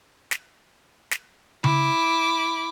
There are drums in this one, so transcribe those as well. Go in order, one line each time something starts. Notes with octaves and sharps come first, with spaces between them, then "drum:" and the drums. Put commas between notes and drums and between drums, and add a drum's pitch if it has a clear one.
drum: snare
drum: snare
E4 D6, drum: tom C#3